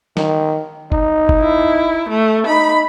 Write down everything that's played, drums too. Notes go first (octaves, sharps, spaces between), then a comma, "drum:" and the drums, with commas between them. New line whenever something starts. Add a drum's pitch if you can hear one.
D#3, drum: snare
D#4, drum: kick G1
drum: kick G1
E4
A3
D#4 B5